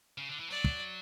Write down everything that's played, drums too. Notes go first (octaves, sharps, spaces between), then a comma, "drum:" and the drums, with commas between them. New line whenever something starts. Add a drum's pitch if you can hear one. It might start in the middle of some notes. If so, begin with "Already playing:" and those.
C#3
D3
E3
F#3 D5
drum: kick